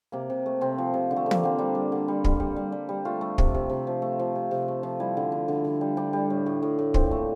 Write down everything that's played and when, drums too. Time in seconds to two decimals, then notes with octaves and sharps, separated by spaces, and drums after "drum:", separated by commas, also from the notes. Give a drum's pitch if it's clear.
0.12 C3 A#3
0.30 C3
0.46 A3
0.61 C3 C4
0.78 F3
0.94 C3
1.11 D3
1.16 A3
1.26 D3
1.31 A#3, drum: tom
1.43 D3 C4
1.58 G3 D4
1.75 G3
1.92 D3
2.08 G3
2.24 G3, drum: kick
2.40 G3
2.56 G3
2.72 G3
2.89 G3
3.05 A3 F4
3.21 A3
3.38 C3, drum: kick
3.54 C3
3.70 C3
3.87 F3
4.02 A3
4.19 F3
4.35 C3
4.51 C3
4.68 A3
4.83 F3
5.00 G3 E4
5.17 D3
5.32 D3
5.48 D3
5.65 D3
5.81 G3
5.97 G3 D4
6.13 G3
6.30 A2
6.46 A2
6.62 A2
6.79 A2
6.94 A#2 C4, drum: kick
7.11 A3